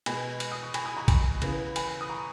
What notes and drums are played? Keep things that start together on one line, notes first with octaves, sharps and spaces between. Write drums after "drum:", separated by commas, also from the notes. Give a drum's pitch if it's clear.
B2 G#3 B3 G#5 B5, drum: cymbal
drum: cymbal
D#6
C#6
G#5 B5, drum: cymbal
B5 D#6
A#5 C#6
G#5 B5, drum: kick A#1, cymbal
C#3 E3 B3, drum: cymbal
G#5 B5, drum: cymbal
D#6
A#5 C#6